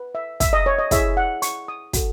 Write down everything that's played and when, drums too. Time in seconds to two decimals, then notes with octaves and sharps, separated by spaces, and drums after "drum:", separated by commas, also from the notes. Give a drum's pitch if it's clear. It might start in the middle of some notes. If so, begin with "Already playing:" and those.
Already playing: B4
0.15 E5
0.40 E5, drum: kick, hi-hat
0.53 D#5
0.66 C#5
0.78 D#5
0.91 E4 G#4 C#5 E5, drum: kick, hi-hat
1.17 F#5
1.42 C#6, drum: hi-hat
1.68 D#6
1.93 F#4 A4, drum: kick, hi-hat